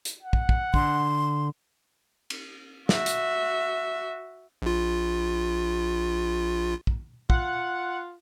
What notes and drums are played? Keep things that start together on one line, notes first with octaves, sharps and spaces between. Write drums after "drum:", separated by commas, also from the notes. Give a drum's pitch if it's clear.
drum: hi-hat
F#5
drum: kick
drum: kick
D3 C6, drum: kick
drum: cymbal
F#4 E5, drum: snare
drum: hi-hat
A#1 F4
drum: kick
F4 F#5, drum: kick